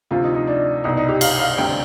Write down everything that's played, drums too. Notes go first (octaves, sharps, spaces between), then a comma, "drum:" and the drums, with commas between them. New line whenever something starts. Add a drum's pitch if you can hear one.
D2 C3 F3 F4
D#4
D#4
D4
C2 B2 G3 D#4
D#4
G4
F5, drum: cymbal
F5
D2 C3 G3 G5